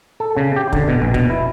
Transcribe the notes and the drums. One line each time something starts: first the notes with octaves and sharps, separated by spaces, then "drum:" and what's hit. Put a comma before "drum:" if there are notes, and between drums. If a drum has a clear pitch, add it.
A4
C#3
G4
D3, drum: kick
B2
A#1
B2, drum: kick
E4